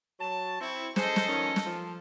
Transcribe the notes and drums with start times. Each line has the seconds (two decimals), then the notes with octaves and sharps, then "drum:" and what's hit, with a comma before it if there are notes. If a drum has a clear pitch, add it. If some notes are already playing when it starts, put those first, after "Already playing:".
0.20 F#3 A5
0.61 C4 E4 C#6
0.96 G#4 A4 C5 D#5, drum: snare
1.16 drum: snare
1.29 D#3 F3 C#4
1.56 drum: snare
1.65 F3